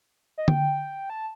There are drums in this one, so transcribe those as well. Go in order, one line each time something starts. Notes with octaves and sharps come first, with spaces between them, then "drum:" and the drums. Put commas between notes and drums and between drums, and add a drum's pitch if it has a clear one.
D#5
G5, drum: tom D3
A5